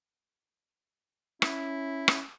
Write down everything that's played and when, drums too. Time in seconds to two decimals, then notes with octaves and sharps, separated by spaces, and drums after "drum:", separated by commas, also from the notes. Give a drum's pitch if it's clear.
1.42 C#4 E4, drum: rim click
2.08 drum: rim click